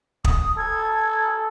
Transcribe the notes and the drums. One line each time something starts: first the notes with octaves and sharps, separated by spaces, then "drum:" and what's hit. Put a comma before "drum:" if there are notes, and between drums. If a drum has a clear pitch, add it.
D#6, drum: kick
A4 G#6